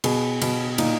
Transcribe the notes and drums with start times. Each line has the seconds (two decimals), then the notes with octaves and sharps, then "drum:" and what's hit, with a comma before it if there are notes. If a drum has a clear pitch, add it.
0.04 B2 G#4, drum: cymbal
0.42 B2, drum: cymbal
0.78 A#2 D#4, drum: cymbal